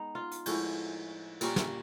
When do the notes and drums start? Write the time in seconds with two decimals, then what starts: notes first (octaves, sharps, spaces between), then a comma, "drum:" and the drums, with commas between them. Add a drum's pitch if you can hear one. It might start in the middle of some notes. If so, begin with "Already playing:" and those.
Already playing: G#3 B3 D#4
0.15 F4
0.32 drum: hi-hat
0.46 A2 F3 G#3 F#4, drum: cymbal
1.41 A#2 G3 A#3 C#4, drum: cymbal
1.56 drum: snare